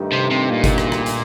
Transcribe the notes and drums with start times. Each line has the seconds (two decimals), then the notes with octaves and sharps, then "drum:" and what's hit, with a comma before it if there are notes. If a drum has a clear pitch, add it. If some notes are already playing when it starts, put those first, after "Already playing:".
Already playing: G2 D#3 A3 D#4 G4
0.12 C3
0.31 C3
0.50 A#2
0.64 drum: kick G1, hi-hat
0.78 drum: rim click
0.92 drum: rim click
1.06 drum: hi-hat